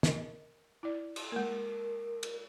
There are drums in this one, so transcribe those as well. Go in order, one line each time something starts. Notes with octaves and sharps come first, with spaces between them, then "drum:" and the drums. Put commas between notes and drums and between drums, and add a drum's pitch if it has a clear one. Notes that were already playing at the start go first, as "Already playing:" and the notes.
A#4 D#5, drum: snare
E4 D5
drum: cymbal
G#3 A#3 A#4
drum: cymbal